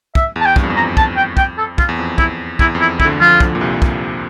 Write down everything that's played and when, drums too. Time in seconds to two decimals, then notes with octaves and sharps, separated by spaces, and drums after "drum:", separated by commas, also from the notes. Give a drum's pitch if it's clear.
0.15 E5, drum: kick
0.36 E2 A5
0.45 G5
0.56 G2, drum: kick
0.63 F2
0.70 E2
0.76 F2 A#5
0.97 A5, drum: kick
1.16 G5
1.37 G5, drum: kick
1.57 A4
1.78 F4, drum: kick
1.89 E2
1.99 F2
2.18 E4, drum: kick
2.59 E2 E4, drum: kick
2.75 F2
2.80 E4
3.00 E4, drum: kick
3.05 D2 D3
3.20 F2 F3 F4
3.40 D2 D3, drum: kick
3.55 A#2
3.61 C2 C3
3.82 drum: kick